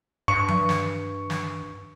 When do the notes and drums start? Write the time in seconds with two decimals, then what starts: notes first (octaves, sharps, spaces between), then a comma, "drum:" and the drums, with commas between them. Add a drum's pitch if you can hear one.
0.28 G2 C#6
0.48 drum: tom F3
0.69 drum: snare
1.30 drum: snare